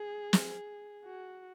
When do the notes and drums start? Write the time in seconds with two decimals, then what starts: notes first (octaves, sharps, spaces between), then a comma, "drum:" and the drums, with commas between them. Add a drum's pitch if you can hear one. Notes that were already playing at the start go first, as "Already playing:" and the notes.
Already playing: G#4
0.33 drum: snare
1.05 F#4